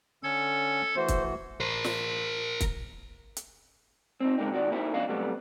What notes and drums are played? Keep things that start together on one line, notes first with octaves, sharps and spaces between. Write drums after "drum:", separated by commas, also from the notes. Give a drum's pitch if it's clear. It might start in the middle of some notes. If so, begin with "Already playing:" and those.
D3 C#4 A4 G#6
E3 A3 F#4 C5
drum: kick, hi-hat
A#4 C5
drum: snare
drum: kick, hi-hat
drum: hi-hat
C4 C#4 D#4
G#2 C#3 G#3 A#3 C4 D#4
A#2 D#3 F#4 D5
A#3 D#4 E4 F#4 C5 E5
F3 B3 C#4 D4 D#5 F5
C3 F#3 G3 A3 B3